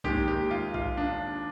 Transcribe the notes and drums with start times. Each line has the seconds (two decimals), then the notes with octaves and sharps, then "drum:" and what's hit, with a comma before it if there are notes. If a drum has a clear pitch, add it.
0.04 D#2 D#3 G#3 G4, drum: kick B1
0.28 G4
0.51 F4
0.74 F4, drum: kick B1
0.97 D4